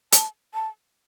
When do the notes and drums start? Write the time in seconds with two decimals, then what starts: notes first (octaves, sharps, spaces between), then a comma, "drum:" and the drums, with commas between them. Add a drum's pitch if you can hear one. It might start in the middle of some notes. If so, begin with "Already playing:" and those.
0.13 A5, drum: hi-hat
0.54 A5